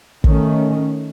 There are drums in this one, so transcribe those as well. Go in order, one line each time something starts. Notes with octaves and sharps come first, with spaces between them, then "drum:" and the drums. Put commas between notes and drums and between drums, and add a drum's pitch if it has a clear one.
D#3 A3 C#4, drum: kick